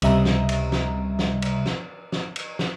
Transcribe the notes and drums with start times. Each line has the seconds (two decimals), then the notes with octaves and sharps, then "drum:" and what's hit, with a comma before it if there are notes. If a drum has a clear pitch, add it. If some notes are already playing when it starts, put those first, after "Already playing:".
0.02 C#2 C3 G3 D#5 E5 A#5, drum: cymbal
0.25 drum: snare
0.49 drum: cymbal
0.72 drum: snare
1.19 drum: snare
1.42 drum: cymbal
1.66 drum: snare
2.12 drum: snare
2.36 drum: cymbal
2.59 drum: snare